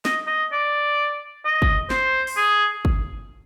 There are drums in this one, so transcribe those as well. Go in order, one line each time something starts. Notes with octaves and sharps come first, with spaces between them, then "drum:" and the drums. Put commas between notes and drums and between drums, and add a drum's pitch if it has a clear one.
D#5, drum: snare
D#5
D5
D#5
drum: kick
C5, drum: snare
drum: open hi-hat
G#4
drum: kick